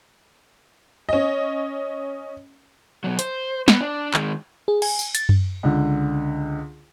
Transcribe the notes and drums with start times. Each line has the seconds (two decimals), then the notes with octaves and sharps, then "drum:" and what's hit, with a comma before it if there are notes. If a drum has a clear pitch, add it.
1.09 C#4 D#5
3.04 B2 F#3
3.19 C5, drum: hi-hat
3.68 B3, drum: snare
3.81 D4
4.14 D#3 G#3, drum: clap
4.68 G#4
4.82 G#5, drum: cymbal
4.99 drum: tambourine
5.15 A6, drum: hi-hat
5.29 drum: tom F#2
5.63 C#2 D3